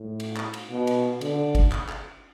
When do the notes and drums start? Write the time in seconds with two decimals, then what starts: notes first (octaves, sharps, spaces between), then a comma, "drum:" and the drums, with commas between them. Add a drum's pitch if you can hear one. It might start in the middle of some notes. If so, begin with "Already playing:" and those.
Already playing: A2
0.20 drum: cymbal
0.37 drum: clap
0.54 drum: cymbal
0.70 B2
0.87 drum: cymbal
1.21 D3, drum: cymbal
1.55 drum: kick, cymbal
1.72 drum: clap
1.89 drum: clap